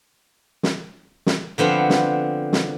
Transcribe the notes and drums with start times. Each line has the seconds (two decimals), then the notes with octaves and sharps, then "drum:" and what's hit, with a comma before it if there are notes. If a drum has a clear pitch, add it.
0.63 drum: snare
1.26 drum: snare
1.58 D3 F3 B3 C4
1.90 drum: snare
2.53 drum: snare